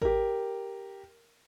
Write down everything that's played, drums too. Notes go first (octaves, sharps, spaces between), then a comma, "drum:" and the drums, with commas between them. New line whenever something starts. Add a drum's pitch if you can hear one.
G4 A#4, drum: kick G#1